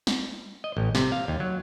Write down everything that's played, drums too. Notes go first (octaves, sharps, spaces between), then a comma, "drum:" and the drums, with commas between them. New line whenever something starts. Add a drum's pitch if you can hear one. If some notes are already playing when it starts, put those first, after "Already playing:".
drum: snare
D#5
A1
C3, drum: snare
F5
D#2
F#3